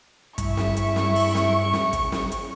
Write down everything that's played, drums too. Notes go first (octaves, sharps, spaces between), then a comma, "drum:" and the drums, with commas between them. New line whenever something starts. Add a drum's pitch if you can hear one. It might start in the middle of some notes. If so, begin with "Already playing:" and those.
G2 E4 E5 C#6, drum: kick, hi-hat
drum: snare
drum: hi-hat
drum: snare
drum: open hi-hat
drum: snare
drum: snare
drum: kick, hi-hat
drum: snare
drum: hi-hat